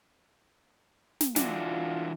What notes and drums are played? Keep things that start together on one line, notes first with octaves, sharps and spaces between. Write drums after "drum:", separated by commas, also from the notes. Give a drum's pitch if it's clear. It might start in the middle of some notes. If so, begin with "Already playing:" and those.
drum: snare
E3 D4 F4 F#4, drum: snare